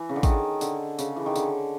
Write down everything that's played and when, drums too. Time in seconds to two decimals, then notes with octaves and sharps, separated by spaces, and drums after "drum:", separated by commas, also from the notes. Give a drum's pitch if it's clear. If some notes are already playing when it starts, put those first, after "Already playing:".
Already playing: E3
0.09 C#3
0.16 D3
0.23 D#3, drum: kick, tambourine
0.61 D3, drum: tambourine
0.99 C#3, drum: tambourine
1.16 E3
1.26 D#3
1.35 D3, drum: tambourine